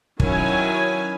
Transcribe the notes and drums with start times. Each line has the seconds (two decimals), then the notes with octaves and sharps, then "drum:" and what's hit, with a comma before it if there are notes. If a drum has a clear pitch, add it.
0.20 D#3 F#3 C#4 E4 G#5, drum: kick